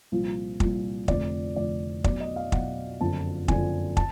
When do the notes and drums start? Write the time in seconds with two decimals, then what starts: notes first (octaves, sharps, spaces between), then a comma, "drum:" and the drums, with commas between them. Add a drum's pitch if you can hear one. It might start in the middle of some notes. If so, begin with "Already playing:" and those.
0.12 C2 A#2 F3
0.60 C2 A#2 F3, drum: kick
1.08 F1 F2 D3 F3 D5, drum: kick
1.56 F1 F2 D3 F3 D5
2.04 B1 B2 D5, drum: kick
2.20 D#5
2.36 F5
2.52 B1 B2 F#5, drum: kick
3.00 F#1 F2 D3 F3 A5
3.48 F#1 F2 D3 F3 G#5, drum: kick
3.97 A5, drum: kick